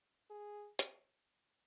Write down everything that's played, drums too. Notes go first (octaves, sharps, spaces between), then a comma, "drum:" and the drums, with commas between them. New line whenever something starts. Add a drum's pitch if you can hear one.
G#4
drum: hi-hat